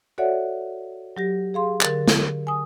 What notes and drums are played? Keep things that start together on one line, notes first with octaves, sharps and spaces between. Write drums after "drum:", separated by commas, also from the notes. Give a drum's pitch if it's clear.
F#4 A4 C#5 D5 E5 F#5
F#3 G4 A#6
G#4 F5 C6
D3 A#4 A6, drum: clap
drum: snare
G#5 D#6